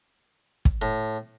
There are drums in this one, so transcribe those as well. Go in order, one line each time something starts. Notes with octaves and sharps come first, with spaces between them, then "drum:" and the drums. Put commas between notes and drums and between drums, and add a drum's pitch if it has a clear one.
drum: kick
A2